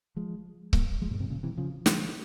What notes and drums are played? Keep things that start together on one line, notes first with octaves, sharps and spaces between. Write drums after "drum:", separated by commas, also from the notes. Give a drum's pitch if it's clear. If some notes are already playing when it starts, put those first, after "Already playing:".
F3 G#3
G3 A#3, drum: kick C#1
F3 G#3
G2 A#2
G#2 C3
A#2 C#3
C3 E3
C#3 F3
E3 G3, drum: snare